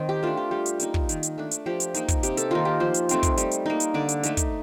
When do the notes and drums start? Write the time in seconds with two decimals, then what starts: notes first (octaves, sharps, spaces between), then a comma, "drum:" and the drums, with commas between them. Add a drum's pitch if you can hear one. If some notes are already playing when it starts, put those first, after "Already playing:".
Already playing: D#3 C4 D#4
0.09 G4
0.23 A3 D4 F4
0.37 G4
0.51 G3 G4
0.66 drum: hi-hat
0.80 A#3 D#4, drum: hi-hat
0.94 drum: kick
1.09 D#3, drum: hi-hat
1.23 drum: hi-hat
1.38 A3 D4
1.51 drum: hi-hat
1.66 F3 G4
1.80 drum: hi-hat
1.94 A#3 D#4, drum: hi-hat
2.09 drum: kick, hi-hat
2.23 C3 G4, drum: hi-hat
2.37 A4, drum: hi-hat
2.51 D#3 A#3 D#4 F4
2.65 G4
2.80 F3 C5
2.94 drum: hi-hat
3.09 A3 C4 D#4, drum: hi-hat
3.23 drum: kick, hi-hat
3.37 G3, drum: hi-hat
3.51 drum: hi-hat
3.66 A#3 D#4
3.80 drum: hi-hat
3.94 D3 D5
4.09 drum: hi-hat
4.23 A3 D#4, drum: hi-hat
4.37 drum: kick, hi-hat